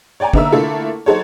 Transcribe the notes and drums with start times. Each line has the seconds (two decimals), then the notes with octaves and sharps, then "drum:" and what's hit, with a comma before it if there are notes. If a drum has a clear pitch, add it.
0.20 C#5 D5 G5 G#5 A#5
0.33 D3 B3 D#4 A#4 E5 E6, drum: kick
0.52 D3 A3 A#3 E4 F4 A4
1.06 F#3 D#4 F#4 A4 C5 C#5